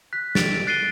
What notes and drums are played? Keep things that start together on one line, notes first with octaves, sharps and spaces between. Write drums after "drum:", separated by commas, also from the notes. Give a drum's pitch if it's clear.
F#6 B6
A6 D7, drum: snare
F#6 A6 C7 D7 D#7 G7